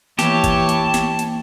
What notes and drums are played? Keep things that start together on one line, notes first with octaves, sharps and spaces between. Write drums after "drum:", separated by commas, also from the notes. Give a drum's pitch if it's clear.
E3 A#3 G4 C#5 A5, drum: snare
drum: kick G1, hi-hat
drum: hi-hat
drum: snare
drum: hi-hat